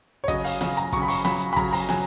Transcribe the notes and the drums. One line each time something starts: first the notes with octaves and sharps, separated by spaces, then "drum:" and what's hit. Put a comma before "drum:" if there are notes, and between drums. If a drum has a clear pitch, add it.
C#5
C#3 F#3 D#5, drum: kick, hi-hat
F5, drum: open hi-hat
C#3 F#3 F5, drum: snare
A#5, drum: hi-hat
C#3 F#3 C#6, drum: kick, hi-hat
B5
C#6, drum: open hi-hat
C#3 F#3 B5, drum: snare
drum: hi-hat
B5
C#3 F#3 A#5, drum: kick, hi-hat
A#5, drum: open hi-hat
C#3 F#3 G#5, drum: snare